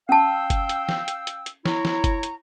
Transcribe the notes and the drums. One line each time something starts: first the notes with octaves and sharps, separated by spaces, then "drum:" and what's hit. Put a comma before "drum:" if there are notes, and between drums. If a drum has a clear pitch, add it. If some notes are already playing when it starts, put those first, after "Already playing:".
C#4 F5 G5 A5 E6
drum: kick F#1, hi-hat
drum: hi-hat
drum: snare
drum: hi-hat
drum: hi-hat
drum: hi-hat
E4 C#5 A#5, drum: snare
drum: snare
drum: kick F#1, hi-hat
drum: hi-hat